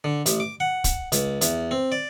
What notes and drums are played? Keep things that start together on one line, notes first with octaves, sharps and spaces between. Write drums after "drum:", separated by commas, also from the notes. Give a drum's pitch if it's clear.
D3
A1, drum: hi-hat
D6
F#5
drum: kick, hi-hat
C#2, drum: hi-hat
E2, drum: hi-hat
C4
D5